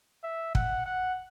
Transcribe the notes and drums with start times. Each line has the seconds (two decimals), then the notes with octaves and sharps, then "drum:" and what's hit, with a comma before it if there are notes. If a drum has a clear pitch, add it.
0.23 E5
0.55 F#5, drum: kick
0.86 F#5